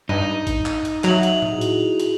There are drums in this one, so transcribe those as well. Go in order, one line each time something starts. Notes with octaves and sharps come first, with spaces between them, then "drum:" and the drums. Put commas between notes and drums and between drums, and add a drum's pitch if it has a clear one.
G2 D#4 D#5 D#7
drum: kick A1, hi-hat
drum: clap
drum: hi-hat
F#3 E5 F#5 F7 F#7, drum: clap
drum: hi-hat
drum: tom A2
E4 F#4 G#4
drum: hi-hat
drum: hi-hat